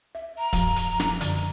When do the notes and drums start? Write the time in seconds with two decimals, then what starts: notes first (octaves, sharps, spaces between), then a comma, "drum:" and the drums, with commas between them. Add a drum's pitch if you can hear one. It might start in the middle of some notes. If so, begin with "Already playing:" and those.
0.15 E5
0.38 A#5
0.53 F#2 F3, drum: kick, hi-hat
0.76 drum: hi-hat
1.00 drum: snare
1.21 F#2 D3, drum: hi-hat